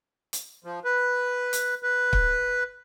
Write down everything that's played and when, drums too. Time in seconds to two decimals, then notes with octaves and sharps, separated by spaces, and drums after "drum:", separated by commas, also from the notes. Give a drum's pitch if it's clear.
0.33 drum: hi-hat
0.64 F3
0.85 B4
1.53 drum: hi-hat
1.83 B4
2.13 drum: kick